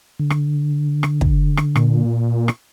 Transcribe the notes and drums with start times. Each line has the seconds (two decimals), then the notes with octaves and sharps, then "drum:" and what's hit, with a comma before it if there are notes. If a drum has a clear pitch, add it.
0.19 D3
0.30 drum: rim click
1.03 drum: rim click
1.21 drum: kick
1.57 drum: rim click
1.75 A#2, drum: rim click
2.48 drum: rim click